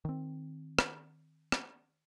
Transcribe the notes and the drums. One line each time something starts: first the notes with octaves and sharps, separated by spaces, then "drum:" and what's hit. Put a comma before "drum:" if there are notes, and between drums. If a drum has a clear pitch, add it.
D#3 C4
drum: rim click
drum: rim click